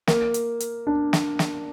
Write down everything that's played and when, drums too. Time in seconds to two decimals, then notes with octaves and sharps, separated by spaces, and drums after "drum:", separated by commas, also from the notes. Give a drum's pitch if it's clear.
0.07 A#3, drum: snare
0.34 drum: hi-hat
0.60 drum: hi-hat
0.87 D4
1.13 drum: snare
1.39 drum: snare